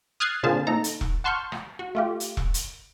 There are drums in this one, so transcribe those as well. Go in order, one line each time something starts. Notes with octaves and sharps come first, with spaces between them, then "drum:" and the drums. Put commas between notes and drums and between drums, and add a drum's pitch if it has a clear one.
D#6 F6 F#6 G#6 A6 C7
A#2 D3 C4 G#4 F5 A5
A#2 D#4 A4 A#5
drum: hi-hat
drum: kick E1
F#5 A5 C6 C#6 F6 G6
drum: rim click
F#4
A3 F4 G4
drum: hi-hat
drum: kick E1
drum: hi-hat